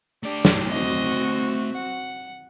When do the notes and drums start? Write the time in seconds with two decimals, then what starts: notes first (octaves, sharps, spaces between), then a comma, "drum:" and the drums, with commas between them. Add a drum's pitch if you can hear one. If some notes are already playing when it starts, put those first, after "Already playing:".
0.23 A3 D4 G4 D5
0.45 drum: snare
0.70 C4 F#4 D#5
1.73 F#5